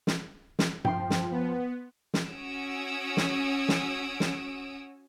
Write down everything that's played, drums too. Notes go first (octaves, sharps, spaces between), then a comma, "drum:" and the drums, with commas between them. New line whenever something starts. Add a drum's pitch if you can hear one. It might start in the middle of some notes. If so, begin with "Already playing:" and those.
drum: snare
drum: snare
F3 G5 C6, drum: tom G2
drum: snare
B3
drum: snare
C#4 F#4 C#5 D#6 E6 D7
drum: snare
drum: snare
drum: snare